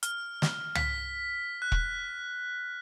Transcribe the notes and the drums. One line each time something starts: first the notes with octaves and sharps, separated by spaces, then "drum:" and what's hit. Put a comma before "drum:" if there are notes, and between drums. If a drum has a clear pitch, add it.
F6, drum: hi-hat
drum: snare
B6, drum: tom
F#6
drum: kick E1